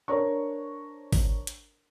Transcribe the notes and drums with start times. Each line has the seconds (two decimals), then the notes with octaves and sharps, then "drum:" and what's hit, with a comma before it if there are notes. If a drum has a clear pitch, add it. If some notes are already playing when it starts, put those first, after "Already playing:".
0.08 D4 A#4 C5 C#5 A#5 C#6
1.13 drum: kick G#1, open hi-hat
1.47 drum: hi-hat